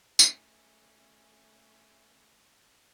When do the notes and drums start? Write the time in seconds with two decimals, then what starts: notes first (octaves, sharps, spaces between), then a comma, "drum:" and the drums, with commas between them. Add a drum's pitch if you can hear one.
0.19 A3 C#4, drum: tambourine